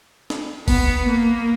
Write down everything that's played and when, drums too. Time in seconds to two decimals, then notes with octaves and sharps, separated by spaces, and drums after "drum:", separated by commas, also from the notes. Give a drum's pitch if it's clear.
0.30 drum: snare
0.68 B3, drum: kick F#1, open hi-hat
1.08 A#3